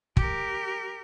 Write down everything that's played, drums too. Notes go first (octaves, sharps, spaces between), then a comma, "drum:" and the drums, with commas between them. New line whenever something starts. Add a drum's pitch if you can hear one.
G4 A#4, drum: kick